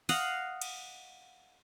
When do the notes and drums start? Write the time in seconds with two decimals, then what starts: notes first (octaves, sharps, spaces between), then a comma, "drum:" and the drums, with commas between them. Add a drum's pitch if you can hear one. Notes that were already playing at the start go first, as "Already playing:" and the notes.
0.09 D#5 F5 F#5, drum: open hi-hat
0.62 drum: cymbal